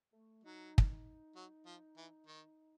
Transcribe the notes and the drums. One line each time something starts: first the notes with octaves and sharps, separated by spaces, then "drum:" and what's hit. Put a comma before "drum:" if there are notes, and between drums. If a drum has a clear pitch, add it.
A3
F#3 D#4
drum: kick
D#4
F#3
F3
E3
D#3